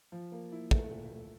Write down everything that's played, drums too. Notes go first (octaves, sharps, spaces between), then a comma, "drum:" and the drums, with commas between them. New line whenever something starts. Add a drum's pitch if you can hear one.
F3
A#3
E4
A3, drum: kick
A#2
A3